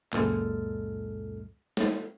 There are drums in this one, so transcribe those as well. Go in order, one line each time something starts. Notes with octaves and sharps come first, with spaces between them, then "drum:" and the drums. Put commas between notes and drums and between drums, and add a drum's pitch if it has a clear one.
C#2 F#2 A#2 G#3 A4 F6, drum: clap
drum: snare